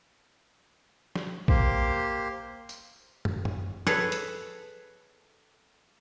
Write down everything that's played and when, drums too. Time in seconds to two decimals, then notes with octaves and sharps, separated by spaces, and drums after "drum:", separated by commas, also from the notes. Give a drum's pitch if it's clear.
1.15 drum: snare
1.48 A#3 G4 C5, drum: kick
2.69 drum: tambourine
3.25 drum: tom
3.45 drum: tom
3.87 G#4 A4 B4 C#5, drum: snare
4.12 drum: hi-hat